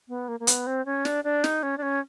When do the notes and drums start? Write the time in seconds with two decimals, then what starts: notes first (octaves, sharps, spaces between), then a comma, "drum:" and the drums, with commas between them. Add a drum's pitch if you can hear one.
0.08 B3
0.28 A#3
0.40 A#3
0.47 B3, drum: hi-hat
0.67 C4
0.86 C#4
1.05 D4, drum: snare
1.24 D4
1.44 D#4, drum: snare
1.63 C#4
1.78 D4
1.82 C#4